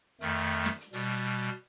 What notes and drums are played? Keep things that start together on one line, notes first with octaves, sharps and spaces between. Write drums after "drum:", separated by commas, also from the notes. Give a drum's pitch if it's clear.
F2 D#3 A3, drum: hi-hat
drum: snare
drum: hi-hat
B2 G3, drum: open hi-hat
drum: hi-hat
drum: hi-hat
drum: hi-hat